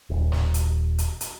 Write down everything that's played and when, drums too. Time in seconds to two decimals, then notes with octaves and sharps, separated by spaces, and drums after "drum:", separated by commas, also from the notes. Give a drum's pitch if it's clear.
0.10 D#1
0.32 drum: snare
0.54 drum: hi-hat
0.98 drum: hi-hat
1.21 drum: hi-hat